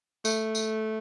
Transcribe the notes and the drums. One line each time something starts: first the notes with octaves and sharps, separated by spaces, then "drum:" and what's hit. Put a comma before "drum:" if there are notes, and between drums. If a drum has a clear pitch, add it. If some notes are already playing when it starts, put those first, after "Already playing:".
A3, drum: tambourine
drum: tambourine